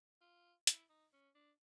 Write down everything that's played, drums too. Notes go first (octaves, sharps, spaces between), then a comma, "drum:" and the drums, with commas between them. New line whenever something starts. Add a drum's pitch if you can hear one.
F4
E4, drum: hi-hat
D#4
C#4
D4